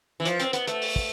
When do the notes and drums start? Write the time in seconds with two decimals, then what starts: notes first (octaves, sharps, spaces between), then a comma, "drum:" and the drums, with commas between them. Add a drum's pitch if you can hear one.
0.20 E3
0.25 F3, drum: hi-hat
0.40 C4, drum: hi-hat
0.53 B3, drum: hi-hat
0.67 A3, drum: hi-hat
0.82 drum: open hi-hat
0.96 drum: kick